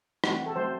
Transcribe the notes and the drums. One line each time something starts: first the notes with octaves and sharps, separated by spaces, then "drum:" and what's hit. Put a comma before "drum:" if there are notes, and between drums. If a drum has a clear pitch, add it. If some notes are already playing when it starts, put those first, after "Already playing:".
E3 A3 C4 F#4, drum: rim click
A4
F#3 A3 C4 C5